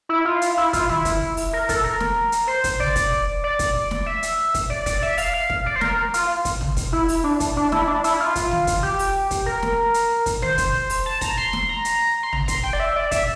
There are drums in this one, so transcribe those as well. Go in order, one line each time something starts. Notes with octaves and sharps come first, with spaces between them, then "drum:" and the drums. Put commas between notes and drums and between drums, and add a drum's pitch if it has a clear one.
E4
F4
drum: hi-hat
E4
F4, drum: kick, hi-hat
E4, drum: tom
drum: kick, hi-hat
drum: open hi-hat
A#4
A4, drum: kick, hi-hat
A#4
drum: snare
drum: hi-hat
C5
drum: kick, hi-hat
D5, drum: tom
drum: kick, hi-hat
D5
drum: kick, hi-hat
drum: snare
E5
drum: hi-hat
drum: kick, hi-hat
D5
D5, drum: kick, hi-hat
E5
F5, drum: open hi-hat
F5
drum: kick
D5
C5
A#4, drum: snare
F4, drum: hi-hat
drum: kick, hi-hat
drum: tom
drum: kick, hi-hat
E4
drum: open hi-hat
D4
drum: kick, hi-hat
D4
E4, drum: snare
D4
E4, drum: hi-hat
F4
drum: kick, hi-hat
drum: tom
drum: kick, hi-hat
G4
drum: open hi-hat
drum: kick, hi-hat
A#4
drum: snare
drum: hi-hat
drum: kick, hi-hat
C5, drum: tom
drum: kick, hi-hat
drum: open hi-hat
A5
A#5, drum: kick, hi-hat
C6
drum: snare
A#5
drum: hi-hat
C6
A#5, drum: tom
C6, drum: kick, hi-hat
G5
D5
E5
D5
E5, drum: kick, hi-hat